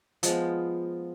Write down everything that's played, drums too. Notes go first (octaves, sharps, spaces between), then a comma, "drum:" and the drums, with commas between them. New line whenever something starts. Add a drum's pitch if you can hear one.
F3 G#3 B3, drum: hi-hat